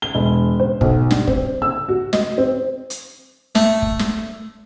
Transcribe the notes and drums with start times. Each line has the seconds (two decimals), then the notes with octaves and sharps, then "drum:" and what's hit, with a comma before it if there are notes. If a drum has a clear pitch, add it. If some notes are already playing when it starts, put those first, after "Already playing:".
0.02 G7
0.15 E1
0.60 C5
0.81 B1, drum: kick
1.11 G2, drum: snare
1.27 C4, drum: kick
1.62 E6
1.89 F#4
2.13 D#5, drum: snare
2.38 C4
2.90 drum: hi-hat
3.55 A3, drum: snare
3.82 drum: kick
3.99 drum: snare